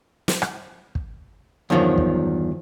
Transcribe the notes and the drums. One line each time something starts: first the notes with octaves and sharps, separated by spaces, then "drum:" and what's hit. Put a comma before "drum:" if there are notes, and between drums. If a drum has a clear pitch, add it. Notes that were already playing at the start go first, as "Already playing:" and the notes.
drum: snare
drum: rim click
drum: kick
E2 G2 D#3 F3 F#3
drum: kick